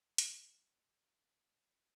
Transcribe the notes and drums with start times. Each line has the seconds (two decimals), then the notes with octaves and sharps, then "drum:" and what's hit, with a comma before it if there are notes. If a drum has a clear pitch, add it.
0.18 A#3, drum: hi-hat
0.26 G#3
0.48 F#3
0.60 F#3
0.70 G#3